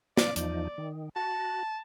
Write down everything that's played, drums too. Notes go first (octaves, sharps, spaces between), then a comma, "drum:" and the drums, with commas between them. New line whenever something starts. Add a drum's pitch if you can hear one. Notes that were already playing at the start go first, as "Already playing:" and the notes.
B4 D5 F5, drum: snare
E2 F3 D#4 D5, drum: hi-hat
D#3
F#4 A5